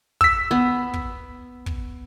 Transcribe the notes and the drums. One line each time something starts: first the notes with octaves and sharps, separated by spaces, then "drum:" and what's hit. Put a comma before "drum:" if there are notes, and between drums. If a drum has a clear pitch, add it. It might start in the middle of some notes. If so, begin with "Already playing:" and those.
E6 B6, drum: kick
B3
drum: kick
drum: kick